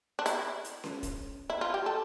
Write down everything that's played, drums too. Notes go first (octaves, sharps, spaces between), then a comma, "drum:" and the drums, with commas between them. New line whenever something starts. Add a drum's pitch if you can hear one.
D4
E4, drum: hi-hat
drum: hi-hat
drum: snare C#4
drum: kick D#1, hi-hat
E4
F4
G4
A4